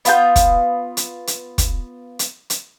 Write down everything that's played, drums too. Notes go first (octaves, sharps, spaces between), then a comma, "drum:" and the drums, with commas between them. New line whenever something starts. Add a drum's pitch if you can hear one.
B3 F4 G5 G6, drum: hi-hat
drum: kick, hi-hat
drum: hi-hat
drum: hi-hat
drum: kick, hi-hat
drum: hi-hat
drum: hi-hat